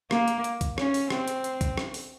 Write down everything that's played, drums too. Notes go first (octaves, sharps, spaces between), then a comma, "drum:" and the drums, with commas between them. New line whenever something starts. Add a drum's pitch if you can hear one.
A#3, drum: rim click
drum: hi-hat
drum: hi-hat
drum: kick, hi-hat
C#4, drum: rim click
drum: open hi-hat
C4, drum: rim click
drum: hi-hat
drum: hi-hat
drum: kick, hi-hat
drum: rim click
drum: open hi-hat